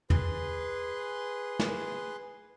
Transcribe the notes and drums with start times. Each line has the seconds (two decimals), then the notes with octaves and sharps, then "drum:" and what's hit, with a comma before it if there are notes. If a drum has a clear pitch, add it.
0.10 G#4 B4 C6, drum: tom
1.59 drum: snare